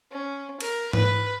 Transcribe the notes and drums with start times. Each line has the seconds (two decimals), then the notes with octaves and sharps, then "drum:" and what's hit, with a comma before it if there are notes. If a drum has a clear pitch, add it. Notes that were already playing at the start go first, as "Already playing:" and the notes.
0.12 C#4
0.61 A#4, drum: cymbal
0.93 B4, drum: tom G#2